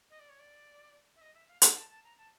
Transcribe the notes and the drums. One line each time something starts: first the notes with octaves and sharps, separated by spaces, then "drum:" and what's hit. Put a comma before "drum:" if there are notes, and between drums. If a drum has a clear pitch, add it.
D#5
D5
C#5
D5
E5
D#5
E5
F5
G5, drum: hi-hat
A5
A5
A#5
A5